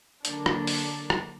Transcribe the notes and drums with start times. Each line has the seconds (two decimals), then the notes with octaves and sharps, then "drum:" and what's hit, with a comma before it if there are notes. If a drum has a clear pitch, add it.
0.25 D3 F#3 A#3 D4, drum: hi-hat
0.46 drum: rim click
0.67 drum: open hi-hat
1.10 drum: rim click